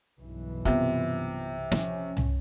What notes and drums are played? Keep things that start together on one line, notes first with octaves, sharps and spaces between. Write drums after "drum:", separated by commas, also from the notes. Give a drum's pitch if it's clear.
B1 G2 E3
C3 B3 F4
F3 C#4, drum: snare
drum: tom C2